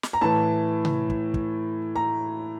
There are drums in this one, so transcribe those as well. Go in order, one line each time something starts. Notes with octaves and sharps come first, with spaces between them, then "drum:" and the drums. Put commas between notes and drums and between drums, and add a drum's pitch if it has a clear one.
drum: snare
A#5
A2 E3 A5
drum: tom C3
drum: kick
drum: kick
A#5